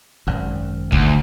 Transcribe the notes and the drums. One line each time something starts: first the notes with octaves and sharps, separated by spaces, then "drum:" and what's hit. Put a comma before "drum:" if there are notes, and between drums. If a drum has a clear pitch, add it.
G#1 F#2
D2, drum: kick